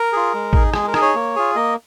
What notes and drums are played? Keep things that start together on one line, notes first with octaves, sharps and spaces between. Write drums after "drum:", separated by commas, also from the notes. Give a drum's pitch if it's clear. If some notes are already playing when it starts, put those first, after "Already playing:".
Already playing: A#4
F4 G#4
G#3
D#4 G#4, drum: kick
G#3 G#4, drum: rim click
A#4
D#4 G#4, drum: rim click
C#5
A#3
F4 G#4
A#3 D#5